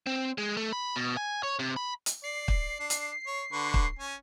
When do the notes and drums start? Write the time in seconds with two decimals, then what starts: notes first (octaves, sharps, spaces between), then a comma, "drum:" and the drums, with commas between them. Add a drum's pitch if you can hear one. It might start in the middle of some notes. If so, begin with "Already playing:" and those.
0.07 C4
0.38 G#3
0.57 A3
0.73 B5
0.96 B2
1.17 G#5
1.43 C#5
1.59 C3
1.76 B5
2.06 drum: hi-hat
2.24 D5 C7
2.48 drum: kick
2.80 D4
2.90 drum: hi-hat
3.27 C#5
3.52 D3 B4 C#6
3.74 drum: kick
3.99 C#4 G#5